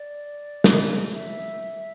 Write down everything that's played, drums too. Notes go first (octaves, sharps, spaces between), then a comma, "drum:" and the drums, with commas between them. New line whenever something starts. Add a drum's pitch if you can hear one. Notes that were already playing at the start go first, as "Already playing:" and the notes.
Already playing: D5
drum: snare
E5